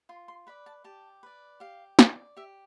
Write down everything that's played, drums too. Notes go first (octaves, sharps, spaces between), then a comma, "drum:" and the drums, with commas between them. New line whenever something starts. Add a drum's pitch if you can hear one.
F4 C6
C6
B4 D5 B5
A5
G4 A5
B4 D5
G4 F5
D5, drum: snare
G4 E5